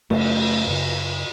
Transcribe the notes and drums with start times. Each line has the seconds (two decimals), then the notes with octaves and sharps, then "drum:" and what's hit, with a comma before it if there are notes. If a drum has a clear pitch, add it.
0.10 F#2 C#3 A3, drum: cymbal
0.67 F#2 C#3